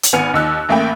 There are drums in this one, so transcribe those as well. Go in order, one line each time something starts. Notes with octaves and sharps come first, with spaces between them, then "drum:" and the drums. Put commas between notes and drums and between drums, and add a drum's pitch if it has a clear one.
drum: hi-hat
G#1 B3 G#5 F6 C#7 F7
D#2 D#4 E6 F#6
A1 A3 A#3 E5 G5 B5